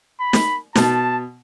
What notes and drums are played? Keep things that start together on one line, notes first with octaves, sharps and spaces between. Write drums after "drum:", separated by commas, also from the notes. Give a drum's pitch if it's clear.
B5
drum: snare
B2 A5, drum: snare